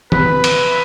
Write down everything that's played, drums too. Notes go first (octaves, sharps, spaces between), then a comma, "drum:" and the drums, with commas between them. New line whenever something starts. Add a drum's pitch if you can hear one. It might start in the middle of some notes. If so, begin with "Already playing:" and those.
B4, drum: tom D#3
drum: cymbal